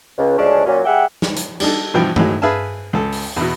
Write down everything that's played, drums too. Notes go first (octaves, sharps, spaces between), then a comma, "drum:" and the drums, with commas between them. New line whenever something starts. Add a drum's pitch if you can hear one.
C#2
D2 C#3 F3 G#3 C#4 D4
A#2 F#3 C#4
G3 G#4 E5 F#5 G5
drum: snare
drum: hi-hat
G3 D4 D#4 A4, drum: cymbal
G2 B2 E3 F3 G5
A2 D#3 F#3 G#3, drum: tom G2
G#4 B4 E5 F5 G#5 A5
C#2 A4
drum: open hi-hat
E2 B2